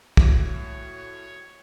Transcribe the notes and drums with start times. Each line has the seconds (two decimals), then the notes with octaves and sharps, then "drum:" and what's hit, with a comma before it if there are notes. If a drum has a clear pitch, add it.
0.17 A2 F#4 C#5, drum: kick